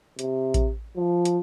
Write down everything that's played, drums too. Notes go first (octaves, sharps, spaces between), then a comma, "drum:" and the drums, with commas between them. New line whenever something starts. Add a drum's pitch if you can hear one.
C3, drum: hi-hat
drum: kick A1, hi-hat
F3
drum: hi-hat